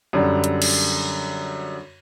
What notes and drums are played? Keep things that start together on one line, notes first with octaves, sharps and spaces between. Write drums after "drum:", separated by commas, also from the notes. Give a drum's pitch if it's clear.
F#2 D3 G3
drum: hi-hat
drum: cymbal